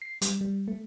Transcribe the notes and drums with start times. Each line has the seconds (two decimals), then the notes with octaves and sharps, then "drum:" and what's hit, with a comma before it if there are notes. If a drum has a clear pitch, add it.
0.02 C7
0.22 G3, drum: hi-hat
0.41 G3
0.68 A3